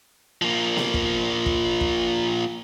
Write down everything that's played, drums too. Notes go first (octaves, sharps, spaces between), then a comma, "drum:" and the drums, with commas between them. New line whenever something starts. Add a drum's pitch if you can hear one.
F3 A#3
drum: snare B3
drum: kick
drum: kick
drum: kick